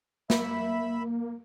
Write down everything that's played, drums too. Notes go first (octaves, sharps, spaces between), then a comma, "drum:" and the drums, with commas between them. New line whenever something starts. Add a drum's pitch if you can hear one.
A#3 E5 B5, drum: snare